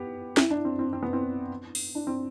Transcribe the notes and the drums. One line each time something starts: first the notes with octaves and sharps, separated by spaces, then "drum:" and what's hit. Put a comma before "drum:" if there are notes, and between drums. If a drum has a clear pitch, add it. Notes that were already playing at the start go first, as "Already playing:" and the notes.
Already playing: B3 G4
E4, drum: snare
D4
C4
C4
C4
B3
C4
drum: open hi-hat
D4
C4